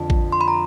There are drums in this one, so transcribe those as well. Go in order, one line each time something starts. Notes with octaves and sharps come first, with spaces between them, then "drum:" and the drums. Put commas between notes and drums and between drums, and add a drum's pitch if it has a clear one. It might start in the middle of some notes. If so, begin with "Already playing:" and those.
Already playing: F2 D3 F3 A5
drum: kick A1
C6
B5
A#5